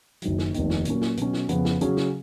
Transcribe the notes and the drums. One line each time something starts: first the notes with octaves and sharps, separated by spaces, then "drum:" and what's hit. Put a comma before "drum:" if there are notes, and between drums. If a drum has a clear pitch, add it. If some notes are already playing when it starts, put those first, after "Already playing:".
F#1 F#2 D#3 F#3, drum: hi-hat
drum: snare
F1 D#2 D#3, drum: hi-hat
drum: snare
A#2 F#3 A#3 C#4, drum: hi-hat
drum: snare
B2 F#3 C#4, drum: hi-hat
drum: snare
F2 C#3 F3 B3, drum: hi-hat
drum: snare
C#3 F#3 C#4 G#4, drum: hi-hat
drum: snare